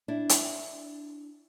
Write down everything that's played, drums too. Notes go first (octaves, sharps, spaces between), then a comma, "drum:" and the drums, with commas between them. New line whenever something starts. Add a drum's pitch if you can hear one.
D4 E4
drum: hi-hat